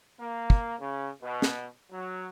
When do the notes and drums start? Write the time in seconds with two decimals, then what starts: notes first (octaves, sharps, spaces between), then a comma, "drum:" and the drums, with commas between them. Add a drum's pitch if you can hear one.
0.19 A#3
0.50 drum: kick
0.80 C#3
1.21 B2
1.42 drum: snare
1.91 F#3